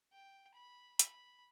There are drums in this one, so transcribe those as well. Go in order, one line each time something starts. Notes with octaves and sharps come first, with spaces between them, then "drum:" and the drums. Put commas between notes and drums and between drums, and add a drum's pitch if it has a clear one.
G5
B5
B5, drum: hi-hat